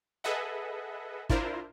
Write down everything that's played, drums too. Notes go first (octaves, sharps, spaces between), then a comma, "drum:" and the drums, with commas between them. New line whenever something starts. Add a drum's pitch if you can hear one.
G#4 A4 B4 D#5 E5 F#5
D4 E4 F4 A#4 C5, drum: kick